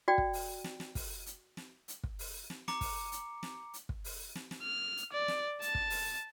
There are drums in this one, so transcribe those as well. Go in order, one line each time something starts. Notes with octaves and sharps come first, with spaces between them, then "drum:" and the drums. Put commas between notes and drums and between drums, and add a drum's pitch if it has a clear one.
F#4 D5 G5
drum: kick
drum: open hi-hat
drum: snare
drum: snare
drum: kick, open hi-hat
drum: hi-hat
drum: snare
drum: hi-hat
drum: kick
drum: open hi-hat
drum: snare
A#5 D6 C#7, drum: snare
drum: kick, open hi-hat
drum: hi-hat
drum: snare
drum: hi-hat
drum: kick
drum: open hi-hat
drum: snare
drum: snare
F6
drum: hi-hat
D5
drum: snare
A5, drum: hi-hat
drum: kick
drum: open hi-hat